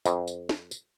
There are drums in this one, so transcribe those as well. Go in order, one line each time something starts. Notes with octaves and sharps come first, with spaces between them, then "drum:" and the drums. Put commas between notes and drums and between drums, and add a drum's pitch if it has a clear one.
F2, drum: tambourine
drum: tambourine
drum: snare
drum: tambourine